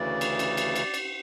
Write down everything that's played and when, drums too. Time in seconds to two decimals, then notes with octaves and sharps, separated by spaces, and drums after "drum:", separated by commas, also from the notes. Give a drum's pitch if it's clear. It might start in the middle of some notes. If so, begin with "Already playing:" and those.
Already playing: D2 C#3 E3 D5
0.21 drum: cymbal
0.39 drum: cymbal
0.57 drum: cymbal
0.76 drum: cymbal
0.94 drum: cymbal